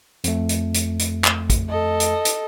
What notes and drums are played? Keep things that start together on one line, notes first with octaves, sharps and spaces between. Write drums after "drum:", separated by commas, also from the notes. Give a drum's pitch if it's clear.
F2 A3, drum: hi-hat
drum: hi-hat
drum: hi-hat
drum: hi-hat
drum: clap
drum: kick A1, hi-hat
A4 D#5
drum: hi-hat
drum: hi-hat